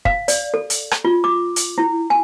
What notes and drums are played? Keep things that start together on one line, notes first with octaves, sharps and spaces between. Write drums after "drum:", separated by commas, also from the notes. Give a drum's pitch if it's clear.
F5, drum: kick
D5, drum: hi-hat
A4
drum: hi-hat
drum: rim click
F4
D6
drum: hi-hat
E4
G#5